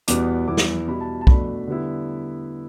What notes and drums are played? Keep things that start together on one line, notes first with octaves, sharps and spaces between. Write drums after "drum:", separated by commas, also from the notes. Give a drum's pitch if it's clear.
E2 B2 G3 B3 D6, drum: hi-hat
E2 E3 B3 E4 D6
drum: snare
B2 G3 E4 B5
A5
A5
B2 A3 D4 B5, drum: kick
D3 G3 B3 E4